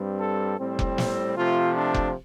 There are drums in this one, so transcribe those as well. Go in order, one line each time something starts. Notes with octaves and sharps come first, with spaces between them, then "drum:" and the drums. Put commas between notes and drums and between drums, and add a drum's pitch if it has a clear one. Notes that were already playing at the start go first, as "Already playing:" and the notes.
Already playing: G2 G3 C4
A4
A2 G3 C4
drum: kick F1
drum: snare
C3 F3 A3 F4
D4
drum: kick F1